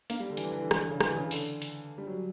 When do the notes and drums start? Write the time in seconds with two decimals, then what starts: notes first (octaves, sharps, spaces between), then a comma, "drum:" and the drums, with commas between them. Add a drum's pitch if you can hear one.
0.10 A#3, drum: hi-hat
0.20 G3
0.30 D3
0.37 E3, drum: hi-hat
0.44 D3
0.51 E3
0.59 D3
0.71 E3, drum: rim click
0.80 D3
0.91 C#3
1.00 E3, drum: rim click
1.16 C#3
1.31 D3, drum: open hi-hat
1.62 drum: hi-hat
1.98 G3
2.07 F#3